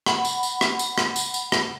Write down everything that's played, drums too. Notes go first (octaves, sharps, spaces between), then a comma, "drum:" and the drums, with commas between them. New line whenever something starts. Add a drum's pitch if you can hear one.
F#5 B5, drum: rim click
drum: tambourine
drum: tambourine
drum: rim click
drum: tambourine
drum: rim click
drum: tambourine
drum: tambourine
drum: rim click